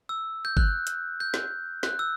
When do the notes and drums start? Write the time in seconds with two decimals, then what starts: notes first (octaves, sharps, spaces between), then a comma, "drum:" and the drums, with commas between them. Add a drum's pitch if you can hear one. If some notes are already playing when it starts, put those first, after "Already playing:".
0.09 E6
0.45 G6
0.57 F#6, drum: kick G1
0.87 drum: hi-hat
1.20 G6
1.34 drum: snare
1.83 F#6, drum: snare
1.99 E6